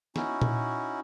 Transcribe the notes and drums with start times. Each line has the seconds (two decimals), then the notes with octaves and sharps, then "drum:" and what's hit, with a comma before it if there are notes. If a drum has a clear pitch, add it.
0.16 C#4 D#4 E4 F#4, drum: snare
0.42 drum: tom A#2